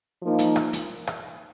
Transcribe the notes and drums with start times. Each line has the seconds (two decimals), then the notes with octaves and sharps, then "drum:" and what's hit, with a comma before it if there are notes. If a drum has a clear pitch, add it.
0.21 F3 A#3 D#4
0.39 drum: hi-hat
0.56 drum: rim click
0.73 drum: hi-hat
1.07 drum: rim click